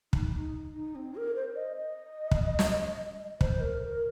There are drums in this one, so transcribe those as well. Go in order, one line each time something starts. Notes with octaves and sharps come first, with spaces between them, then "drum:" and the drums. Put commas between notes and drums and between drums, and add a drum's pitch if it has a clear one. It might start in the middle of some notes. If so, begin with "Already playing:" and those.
D#4, drum: kick
D#4
D#4
C4
A#4
C5
D#5
D#5
drum: kick
drum: snare
C5, drum: kick
A#4
A#4